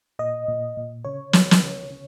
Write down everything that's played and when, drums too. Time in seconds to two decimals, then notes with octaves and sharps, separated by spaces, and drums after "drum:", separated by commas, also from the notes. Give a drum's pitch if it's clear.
0.19 A#2 D#5
0.48 A#2
0.77 A#2
1.05 C#3 C#5
1.33 F#3, drum: snare
1.51 drum: snare
1.62 C#3
1.91 C#3